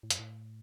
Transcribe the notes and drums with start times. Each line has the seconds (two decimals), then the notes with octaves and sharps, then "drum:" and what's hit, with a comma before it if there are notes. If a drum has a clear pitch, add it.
0.03 A2
0.10 F#2, drum: hi-hat
0.19 A2